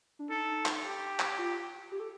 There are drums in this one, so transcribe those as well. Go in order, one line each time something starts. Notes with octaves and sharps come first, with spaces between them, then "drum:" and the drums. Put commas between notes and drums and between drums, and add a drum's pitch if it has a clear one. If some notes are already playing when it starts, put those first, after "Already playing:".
D4
D#4 A4
drum: clap
G4
drum: clap
F4
G4
A4